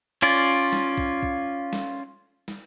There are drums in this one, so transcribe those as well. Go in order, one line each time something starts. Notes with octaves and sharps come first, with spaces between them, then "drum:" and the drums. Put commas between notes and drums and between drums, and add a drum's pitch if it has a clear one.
C#4 F4 D5
drum: snare
drum: kick B1
drum: kick B1
drum: snare
drum: snare